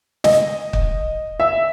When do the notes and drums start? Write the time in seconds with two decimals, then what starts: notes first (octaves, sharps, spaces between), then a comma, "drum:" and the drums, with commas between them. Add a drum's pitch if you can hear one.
0.24 D#5, drum: snare
0.73 drum: kick
1.40 E5